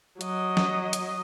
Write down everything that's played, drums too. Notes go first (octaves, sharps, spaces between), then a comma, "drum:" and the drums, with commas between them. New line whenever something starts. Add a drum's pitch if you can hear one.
F#3 D#5, drum: hi-hat
drum: snare
drum: hi-hat